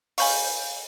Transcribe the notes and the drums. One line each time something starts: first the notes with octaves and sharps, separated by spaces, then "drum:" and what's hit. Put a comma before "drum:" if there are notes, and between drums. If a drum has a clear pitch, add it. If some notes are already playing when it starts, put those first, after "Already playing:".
F5 G#5 B5 C#6 G6, drum: open hi-hat